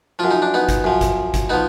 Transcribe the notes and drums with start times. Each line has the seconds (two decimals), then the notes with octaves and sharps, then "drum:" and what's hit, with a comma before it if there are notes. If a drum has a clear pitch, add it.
0.19 F#2 F3 F4
0.31 D#4
0.42 D4
0.54 B3 D#4
0.69 drum: kick G1, hi-hat
0.84 F#2 F3
1.01 drum: kick G1, hi-hat
1.34 drum: kick G1, hi-hat
1.50 F3 B3 D#4